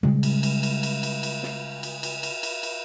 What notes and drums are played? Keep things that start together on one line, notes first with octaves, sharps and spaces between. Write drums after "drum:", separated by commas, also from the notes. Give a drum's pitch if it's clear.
C#3 G3 G#3, drum: tom A#2
drum: cymbal
drum: cymbal
drum: cymbal
drum: cymbal
drum: cymbal
drum: cymbal
drum: snare
drum: cymbal
drum: cymbal
drum: cymbal
drum: cymbal
drum: cymbal